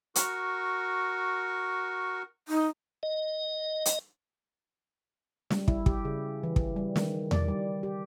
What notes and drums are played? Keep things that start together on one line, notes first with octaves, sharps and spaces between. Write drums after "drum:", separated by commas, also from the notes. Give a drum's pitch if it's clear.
F#4 A#4 C#6, drum: hi-hat
D#4
D#5
drum: hi-hat
G3, drum: snare
E4, drum: kick
G4, drum: kick
C#3
E3
drum: kick
G3
D#3, drum: snare
D5, drum: tom E2
G3
G4